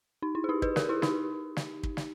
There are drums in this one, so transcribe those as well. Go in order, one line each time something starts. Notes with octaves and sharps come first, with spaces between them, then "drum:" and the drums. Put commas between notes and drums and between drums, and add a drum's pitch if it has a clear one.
D#4
E4
G#4
D#4 G4
G#4 B4, drum: kick
G4 A#4, drum: snare
E4 G#4
D#4 G4, drum: snare
drum: snare
drum: kick
drum: snare